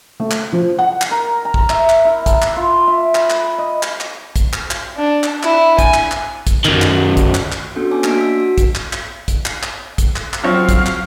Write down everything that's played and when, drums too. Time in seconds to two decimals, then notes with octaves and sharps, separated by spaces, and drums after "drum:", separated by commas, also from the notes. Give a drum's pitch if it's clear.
0.20 A3
0.31 drum: clap
0.53 F3
0.79 F#5
1.01 drum: clap
1.11 A#4
1.45 A#5
1.54 drum: kick
1.70 E5, drum: clap
1.89 drum: clap
2.05 E4
2.26 A5, drum: kick, hi-hat
2.42 drum: clap
2.56 F4
2.88 E5
3.15 B5, drum: clap
3.30 drum: clap
3.58 D#5
3.83 drum: clap
4.00 drum: clap
4.36 drum: kick, hi-hat
4.53 drum: clap
4.71 drum: clap
4.97 D4
5.24 drum: clap
5.43 E4, drum: clap
5.79 G#5, drum: kick, hi-hat
5.94 drum: clap
6.11 drum: clap
6.47 drum: kick, hi-hat
6.65 F#2 D#3, drum: clap
6.82 drum: clap
7.17 drum: kick, hi-hat
7.35 drum: clap
7.52 drum: clap
7.76 B3 C#4 D4 F#4 A4
7.91 C#5 G#5 A5 D6
8.04 A#3 D4 F#4 D#5 D7, drum: clap
8.18 E6 B6
8.40 F#4
8.58 drum: kick, hi-hat
8.75 drum: clap
8.93 drum: clap
9.28 drum: kick, hi-hat
9.46 drum: clap
9.63 drum: clap
9.98 drum: kick, hi-hat
10.16 drum: clap
10.33 drum: clap
10.43 F3 F#3 C4 C#5 F5
10.69 drum: kick, hi-hat
10.86 drum: clap